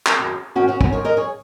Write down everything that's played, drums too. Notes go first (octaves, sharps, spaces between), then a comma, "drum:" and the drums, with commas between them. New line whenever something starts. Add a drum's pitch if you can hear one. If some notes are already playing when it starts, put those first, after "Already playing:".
drum: clap
F#2 D#3
G#2 D#3 C#4 F#4
C#4 F#4
C#4 F#4, drum: kick
G#2 D#3 G#4 C#5
A#4 D#5
G#4 C#5